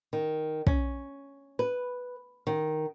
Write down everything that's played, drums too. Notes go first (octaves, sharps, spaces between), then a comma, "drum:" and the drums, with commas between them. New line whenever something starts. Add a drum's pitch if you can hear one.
D#3
C#4, drum: kick
B4
D#3